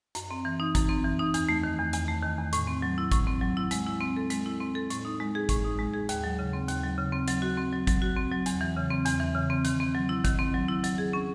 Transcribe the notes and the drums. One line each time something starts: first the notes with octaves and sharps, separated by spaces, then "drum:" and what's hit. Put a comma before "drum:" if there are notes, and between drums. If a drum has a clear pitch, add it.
F#2, drum: hi-hat
C4
E3
D#4
F#2, drum: kick, hi-hat
C4
E3
D#4
E2, drum: hi-hat
A3
D#3
E2
E2, drum: hi-hat
A3
D#3
E2
A2, drum: hi-hat
C4
F#3
E4
A2, drum: kick, hi-hat
C4
F#3
E4
G#3, drum: hi-hat
E4
C4
A4
G#3, drum: hi-hat
E4
C4
A4
A2, drum: hi-hat
D#4
G#3
G#4
A2, drum: kick, hi-hat
D#4
G#3
G#4
D#2, drum: hi-hat
F#3
C#3
C4
D#2, drum: hi-hat
F#3
C#3
C4
F#3, drum: hi-hat
F#4
C4
F#3
F#3, drum: kick, hi-hat
F#4
C4
F#3
E2, drum: hi-hat
E3
C#3
C4
E2, drum: hi-hat
E3
C#3
C4
D#3, drum: hi-hat
C4
F#3
E4
D#3, drum: kick, hi-hat
C4
F#3
E4
F#3, drum: hi-hat
G#4
C#4